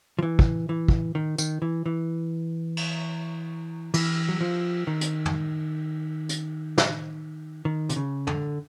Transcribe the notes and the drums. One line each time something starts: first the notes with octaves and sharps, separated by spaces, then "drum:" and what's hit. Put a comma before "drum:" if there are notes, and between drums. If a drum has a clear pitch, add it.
F3
E3
drum: kick
E3
drum: kick
D#3
D#3, drum: tambourine
E3
E3
drum: cymbal
E3, drum: cymbal
F#3
F3
D#3
drum: hi-hat
drum: tom
drum: hi-hat
drum: snare
D#3
C3, drum: hi-hat
C#3
D3, drum: tom